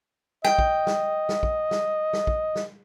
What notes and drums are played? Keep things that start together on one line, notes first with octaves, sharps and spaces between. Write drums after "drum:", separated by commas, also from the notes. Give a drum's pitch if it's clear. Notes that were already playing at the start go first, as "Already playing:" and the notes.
D#5 G5, drum: snare
drum: kick
drum: snare
drum: snare
drum: kick
drum: snare
drum: snare
drum: kick
drum: snare